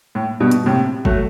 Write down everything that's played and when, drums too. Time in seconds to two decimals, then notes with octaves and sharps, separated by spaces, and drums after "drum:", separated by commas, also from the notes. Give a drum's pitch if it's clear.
0.15 A2
0.40 G2 B2
0.51 drum: hi-hat
0.66 A2 C3
1.05 F#3 A3, drum: kick